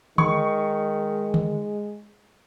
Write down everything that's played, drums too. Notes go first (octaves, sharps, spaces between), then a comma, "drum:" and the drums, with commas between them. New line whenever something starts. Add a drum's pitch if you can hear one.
D#3 G#3 C#6, drum: tom D3
drum: tom D3